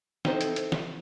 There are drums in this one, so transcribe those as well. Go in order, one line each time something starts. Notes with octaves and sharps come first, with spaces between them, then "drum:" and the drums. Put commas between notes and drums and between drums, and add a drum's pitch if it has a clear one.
C4 D#4 E4 A4 C5, drum: snare
drum: hi-hat
drum: hi-hat
drum: snare